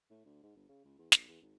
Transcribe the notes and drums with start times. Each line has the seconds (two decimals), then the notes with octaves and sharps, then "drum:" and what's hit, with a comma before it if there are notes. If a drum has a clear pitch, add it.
0.10 A2
0.25 D2
0.43 G#2
0.56 G1
0.69 C#3
0.84 C#2
0.99 E2
1.12 A#1, drum: snare
1.28 E2
1.42 G#1